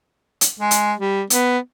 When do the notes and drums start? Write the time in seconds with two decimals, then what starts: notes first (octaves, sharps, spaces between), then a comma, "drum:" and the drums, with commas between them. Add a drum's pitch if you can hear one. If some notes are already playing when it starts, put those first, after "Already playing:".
0.41 drum: hi-hat
0.60 G#3
0.71 drum: hi-hat
0.99 G3
1.30 B3, drum: hi-hat